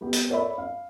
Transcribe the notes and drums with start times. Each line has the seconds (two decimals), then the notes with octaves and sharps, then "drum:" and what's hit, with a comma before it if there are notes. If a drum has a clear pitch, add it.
0.01 G3 B3 G4
0.13 drum: hi-hat
0.29 A4 A#4 C#5 D5 E5 B5
0.58 F5